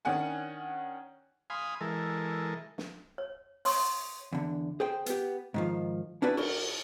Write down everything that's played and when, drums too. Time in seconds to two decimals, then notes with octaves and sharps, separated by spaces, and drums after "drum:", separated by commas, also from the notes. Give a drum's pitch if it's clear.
0.05 D#3 C#4 D4 F#5 G#5
1.50 F5 G#5 B5 C6 D#6
1.81 E3 G#3 A4 A#4
2.78 drum: snare
3.18 C#5
3.65 C#5 C6 C#6 D#6, drum: open hi-hat
4.33 E2 D3
4.80 G#4 C5 G5
5.06 B3 G4, drum: hi-hat
5.54 G#2 D#3 F3
6.22 C#4 D4 E4 F#4 B4 D5
6.37 F#4 A#4 D5, drum: cymbal